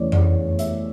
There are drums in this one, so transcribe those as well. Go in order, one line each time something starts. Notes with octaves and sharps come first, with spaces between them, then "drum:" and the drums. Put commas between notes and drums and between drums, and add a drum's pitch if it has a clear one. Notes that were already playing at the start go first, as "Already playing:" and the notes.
Already playing: E2 C#3 E3 A3 C#5 D5
D5, drum: tom F2
E5, drum: hi-hat